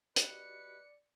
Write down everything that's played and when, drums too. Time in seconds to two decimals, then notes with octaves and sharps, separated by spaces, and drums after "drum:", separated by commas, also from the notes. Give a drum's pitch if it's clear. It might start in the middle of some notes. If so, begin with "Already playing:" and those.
0.16 F#4 G4 B4 D5 D#5 C#7, drum: hi-hat